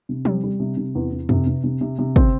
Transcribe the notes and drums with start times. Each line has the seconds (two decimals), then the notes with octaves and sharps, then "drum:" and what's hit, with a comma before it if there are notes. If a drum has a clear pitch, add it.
0.09 C3
0.25 G3, drum: tom F3
0.44 G3
0.60 C3
0.77 C3
0.95 E2
1.12 E2
1.29 C3, drum: tom F2
1.47 C3
1.64 C3
1.81 C3
1.99 C3
2.16 C4, drum: kick